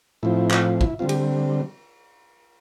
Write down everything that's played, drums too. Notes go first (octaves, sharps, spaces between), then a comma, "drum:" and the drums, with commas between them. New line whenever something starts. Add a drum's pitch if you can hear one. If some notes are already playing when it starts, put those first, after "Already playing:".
A2 F3 C4 E4
drum: clap
E4, drum: kick
D3 G3 C4 F4
G4, drum: cymbal